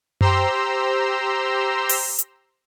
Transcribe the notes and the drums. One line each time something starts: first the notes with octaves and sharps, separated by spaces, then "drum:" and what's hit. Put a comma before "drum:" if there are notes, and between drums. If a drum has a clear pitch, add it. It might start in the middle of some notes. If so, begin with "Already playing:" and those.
G4 C5 A#5 C6 E6, drum: tom F#2
drum: open hi-hat
drum: hi-hat